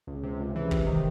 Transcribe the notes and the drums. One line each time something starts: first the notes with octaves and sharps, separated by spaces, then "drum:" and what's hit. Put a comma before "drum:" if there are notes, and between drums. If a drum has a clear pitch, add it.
C#2
C3
C#2
E3
C3, drum: kick
D#3